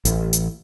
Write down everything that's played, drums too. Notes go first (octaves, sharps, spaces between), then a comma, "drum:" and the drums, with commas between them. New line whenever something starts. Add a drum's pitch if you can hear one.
A1, drum: hi-hat
drum: hi-hat